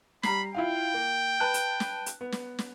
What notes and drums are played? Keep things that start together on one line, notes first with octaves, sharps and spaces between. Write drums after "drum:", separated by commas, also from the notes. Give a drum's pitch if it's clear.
G3 A#5 B5 C7, drum: snare
E4 F4 F5 G5
A#3
B4 A5 F#6
drum: hi-hat
drum: snare
drum: hi-hat
B3
drum: snare
drum: snare